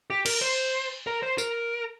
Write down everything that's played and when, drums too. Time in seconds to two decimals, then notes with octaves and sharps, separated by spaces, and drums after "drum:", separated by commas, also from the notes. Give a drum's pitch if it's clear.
0.10 G4
0.26 A#4, drum: cymbal
0.42 C5
1.07 A#4
1.23 C5
1.38 A#4, drum: tambourine